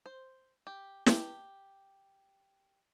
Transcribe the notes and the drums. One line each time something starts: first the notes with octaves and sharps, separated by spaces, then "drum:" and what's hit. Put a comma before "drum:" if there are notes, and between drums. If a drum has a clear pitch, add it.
C5
G4
G4, drum: snare